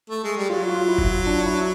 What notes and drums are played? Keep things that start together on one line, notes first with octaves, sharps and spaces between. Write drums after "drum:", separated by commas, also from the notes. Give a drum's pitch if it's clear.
A3
G#3
G3
F#3 F4
F4
E4
drum: kick
F4
D4
E4